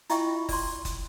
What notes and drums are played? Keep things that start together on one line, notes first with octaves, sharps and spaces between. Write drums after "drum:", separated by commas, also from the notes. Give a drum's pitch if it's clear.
E4 F4 D#5 E5 G5 C#6, drum: hi-hat
D5 C6, drum: kick F#1, open hi-hat
drum: kick F#1, hi-hat